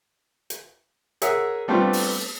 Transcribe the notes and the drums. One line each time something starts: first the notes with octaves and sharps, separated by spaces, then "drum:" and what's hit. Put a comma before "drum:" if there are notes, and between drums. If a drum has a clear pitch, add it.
drum: hi-hat
G#4 A#4 C#5 E5 F#5, drum: hi-hat
G3 A3 B3 C4 D4 F4
drum: open hi-hat